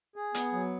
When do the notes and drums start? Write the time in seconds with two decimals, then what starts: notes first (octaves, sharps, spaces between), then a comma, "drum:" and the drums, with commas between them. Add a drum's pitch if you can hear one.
0.16 G#4
0.35 B3, drum: hi-hat
0.52 F#3